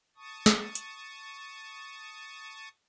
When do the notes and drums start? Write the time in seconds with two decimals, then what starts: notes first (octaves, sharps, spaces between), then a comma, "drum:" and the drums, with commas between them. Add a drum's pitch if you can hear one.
0.16 A5 C#6 D#6
0.46 drum: snare
0.75 drum: hi-hat